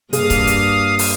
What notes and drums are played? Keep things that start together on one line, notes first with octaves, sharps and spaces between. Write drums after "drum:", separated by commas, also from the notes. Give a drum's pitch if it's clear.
G2 C3 A#3 G#4 F5 D#6, drum: hi-hat
drum: kick, hi-hat
drum: hi-hat
drum: open hi-hat